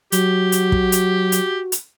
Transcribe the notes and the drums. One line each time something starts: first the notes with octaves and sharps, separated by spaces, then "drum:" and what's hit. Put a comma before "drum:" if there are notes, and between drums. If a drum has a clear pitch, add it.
F#3 F#4 G4, drum: hi-hat
drum: hi-hat
drum: kick
drum: hi-hat
drum: hi-hat
drum: hi-hat